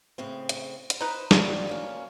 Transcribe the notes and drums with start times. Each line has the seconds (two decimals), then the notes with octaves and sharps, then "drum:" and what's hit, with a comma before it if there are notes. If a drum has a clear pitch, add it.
0.18 A2 C#3 C4
0.49 drum: hi-hat
0.90 drum: hi-hat
1.01 D#4 B4 C5
1.31 G3 F4 F#4, drum: snare
1.67 D2 A#3 C#4